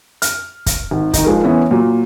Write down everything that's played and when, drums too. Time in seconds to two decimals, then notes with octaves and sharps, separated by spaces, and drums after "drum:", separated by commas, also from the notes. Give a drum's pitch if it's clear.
0.22 F6, drum: hi-hat
0.66 drum: kick, hi-hat
0.91 G#1
1.14 D#3 D#4, drum: kick, hi-hat
1.25 F3 G#3 A#4
1.44 E3 B3 C#4 E4
1.71 A#2 F#3